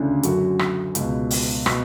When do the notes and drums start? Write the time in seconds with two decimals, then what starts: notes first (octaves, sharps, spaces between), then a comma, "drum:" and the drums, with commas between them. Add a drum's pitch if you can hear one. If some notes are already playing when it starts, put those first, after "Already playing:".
Already playing: D2 C#3 E3 C#4 D4 E4
0.23 F#2 D3 F#4, drum: hi-hat
0.59 drum: rim click
0.95 C#2 B2, drum: hi-hat
1.31 drum: open hi-hat
1.66 B2, drum: rim click